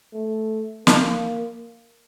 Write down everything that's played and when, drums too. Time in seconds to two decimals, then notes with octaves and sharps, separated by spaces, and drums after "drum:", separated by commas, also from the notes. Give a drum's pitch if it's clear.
0.14 A3
0.87 A#3, drum: snare